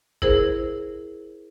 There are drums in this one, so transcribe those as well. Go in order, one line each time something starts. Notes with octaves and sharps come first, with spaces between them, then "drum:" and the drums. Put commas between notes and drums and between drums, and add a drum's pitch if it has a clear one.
E4 G#4 A#4 C5, drum: kick G1